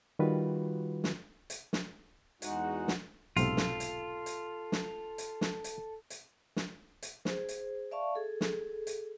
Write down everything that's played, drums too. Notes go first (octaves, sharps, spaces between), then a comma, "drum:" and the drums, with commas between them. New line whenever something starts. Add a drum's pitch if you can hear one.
D#3 G3 F4 F#4 B4
drum: snare
drum: hi-hat
drum: snare
E2 G#3 D#4 F#4 F#5, drum: hi-hat
drum: snare
B1 G#2 C3 F4 A4, drum: hi-hat
drum: snare
drum: hi-hat
drum: hi-hat
drum: snare
drum: hi-hat
drum: snare
drum: hi-hat
drum: hi-hat
drum: snare
drum: hi-hat
G#4 C5, drum: snare
drum: hi-hat
D5 E5 F5 A5 C#6
G#4 A4
drum: snare
drum: hi-hat